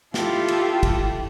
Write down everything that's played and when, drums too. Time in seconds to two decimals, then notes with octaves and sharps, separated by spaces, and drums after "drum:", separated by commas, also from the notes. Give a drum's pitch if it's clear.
0.14 E4 F4 G4 A4, drum: snare
0.48 drum: cymbal
0.83 drum: kick, cymbal